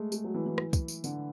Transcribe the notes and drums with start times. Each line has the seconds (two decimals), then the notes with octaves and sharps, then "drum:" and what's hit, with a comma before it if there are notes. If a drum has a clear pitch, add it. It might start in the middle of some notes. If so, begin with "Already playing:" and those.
Already playing: G#3 A3
0.12 G#3, drum: tambourine
0.24 F#3
0.34 E3
0.46 E3
0.58 drum: rim click
0.73 drum: kick, tambourine
0.88 drum: tambourine
1.04 D3, drum: tambourine